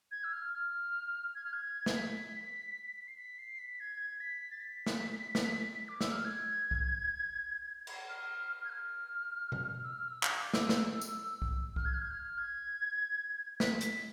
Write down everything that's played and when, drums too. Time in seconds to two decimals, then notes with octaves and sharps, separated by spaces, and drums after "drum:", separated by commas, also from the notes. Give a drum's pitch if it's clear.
0.11 G#6
0.24 E6
0.33 F6
0.53 F6
1.35 G#6
1.44 F6
1.53 G#6
1.86 drum: snare
1.96 B6
3.08 C7
3.18 B6
3.39 C7
3.59 B6
3.80 G#6
4.00 G#6
4.20 B6
4.41 B6
4.51 A6
4.60 B6
4.86 drum: snare
5.35 drum: snare
5.88 D6
6.01 E6, drum: snare
6.12 F6
6.25 G#6
6.71 drum: kick C2
7.87 drum: cymbal
8.09 F6
8.64 G#6
8.70 F6
9.52 drum: tom B2
9.83 E6
9.92 F6
10.08 E6
10.23 D6, drum: clap
10.38 D6
10.54 E6, drum: snare
10.69 drum: snare
11.01 drum: tambourine
11.42 drum: kick C2
11.76 F6, drum: kick C2
11.85 G#6
11.94 F6
12.02 G#6
12.11 F6
12.38 G#6
13.60 B6, drum: snare
13.81 B6, drum: hi-hat